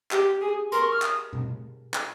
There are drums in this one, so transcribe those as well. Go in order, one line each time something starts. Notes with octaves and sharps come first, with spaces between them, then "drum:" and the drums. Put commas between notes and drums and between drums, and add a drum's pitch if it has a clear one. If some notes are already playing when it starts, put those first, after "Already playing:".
G4, drum: clap
G#4
A#4 C6, drum: hi-hat
C#6
F6
D#6, drum: clap
drum: tom B2
drum: clap